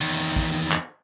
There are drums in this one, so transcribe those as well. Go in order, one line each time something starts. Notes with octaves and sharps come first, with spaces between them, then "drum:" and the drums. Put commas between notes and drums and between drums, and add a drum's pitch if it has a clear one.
E2 D#3
drum: tambourine
drum: kick, tambourine
drum: clap